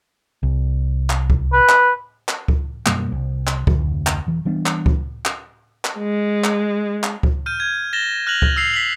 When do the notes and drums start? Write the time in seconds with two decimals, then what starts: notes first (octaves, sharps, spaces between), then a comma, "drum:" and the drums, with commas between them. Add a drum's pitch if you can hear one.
0.43 C2
1.10 drum: clap
1.30 drum: kick C#2
1.53 B4
1.69 drum: clap
2.29 drum: clap
2.48 drum: kick C#2
2.86 F#2 B2 G3 A#3, drum: clap
3.12 C2
3.47 drum: clap
3.67 F1 D2, drum: kick C#2
4.07 drum: clap
4.27 E1 E3
4.45 E3 G3 B3 D4
4.66 drum: clap
4.86 drum: kick C#2
5.25 drum: clap
5.85 drum: clap
5.99 G#3
6.44 drum: clap
7.04 drum: clap
7.23 drum: kick C#2
7.46 F6 G6 D#7
7.60 G#6
7.93 A6 A#6 E7 G7
8.27 F6 F#6 A#6 F7 F#7
8.42 drum: kick C#2
8.56 E6 C7 F7
8.74 B6 F#7